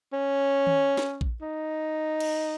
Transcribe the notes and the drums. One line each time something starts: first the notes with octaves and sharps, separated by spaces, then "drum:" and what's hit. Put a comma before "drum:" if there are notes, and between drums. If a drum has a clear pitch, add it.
C#4
drum: tom D#3
drum: snare
drum: kick A#1
D#4
drum: cymbal